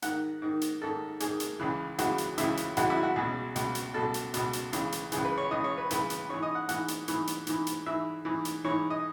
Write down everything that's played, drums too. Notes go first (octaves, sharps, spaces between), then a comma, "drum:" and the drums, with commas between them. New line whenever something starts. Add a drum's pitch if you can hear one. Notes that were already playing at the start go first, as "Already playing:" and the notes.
G#2 D#3 F#5, drum: hi-hat
G#2 D#3
drum: hi-hat
G#2 D#3 A4
G#2 D#3 G#4, drum: hi-hat
drum: hi-hat
C#2 C#3 E3
C#2 C#3 E3 F#4, drum: hi-hat
drum: hi-hat
C#2 C#3 E3 E4, drum: hi-hat
drum: hi-hat
C#2 C#3 E3 F#4, drum: hi-hat
E4
F#4
C#2 B2 G#4
C#2 B2, drum: hi-hat
drum: hi-hat
C#2 B2 A4
drum: hi-hat
C#2 B2, drum: hi-hat
drum: hi-hat
C#2 C#3 E3, drum: hi-hat
drum: hi-hat
C#2 C#3 E3 G#4, drum: hi-hat
B4
C#5
C#2 C#3 E3 D#5
C#5
B4
C#2 C#3 E3 B4, drum: hi-hat
drum: hi-hat
G#2 E3 C#5
D#5
F#5
G#2 E3 F#5, drum: hi-hat
drum: hi-hat
G#2 E3, drum: hi-hat
drum: hi-hat
G#2 E3, drum: hi-hat
drum: hi-hat
G#2 E3 E5
G#2 E3
drum: hi-hat
G#2 E3 C#5
D#5